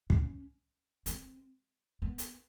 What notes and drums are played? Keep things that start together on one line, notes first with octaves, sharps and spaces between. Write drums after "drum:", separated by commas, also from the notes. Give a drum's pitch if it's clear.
C#4, drum: kick
C4, drum: hi-hat
B3
drum: hi-hat